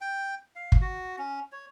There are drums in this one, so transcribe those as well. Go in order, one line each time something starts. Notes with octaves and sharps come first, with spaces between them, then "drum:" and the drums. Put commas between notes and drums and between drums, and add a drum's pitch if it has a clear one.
G5
F5
drum: kick
F#4
C#4
C#5